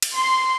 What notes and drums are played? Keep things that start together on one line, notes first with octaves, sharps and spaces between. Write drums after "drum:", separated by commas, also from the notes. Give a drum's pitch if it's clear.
drum: cymbal
C6